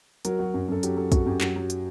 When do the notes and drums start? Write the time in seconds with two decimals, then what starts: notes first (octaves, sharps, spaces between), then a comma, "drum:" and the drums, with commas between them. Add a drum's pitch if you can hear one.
0.25 F#3 A#4, drum: hi-hat
0.39 F#3 F#4
0.54 F#2
0.68 F#2 A4
0.83 F#3 G4, drum: hi-hat
0.97 F#3 A4
1.12 F#2 F#4, drum: kick, hi-hat
1.26 F#2 G4
1.41 F#3, drum: clap
1.56 F#3
1.70 drum: hi-hat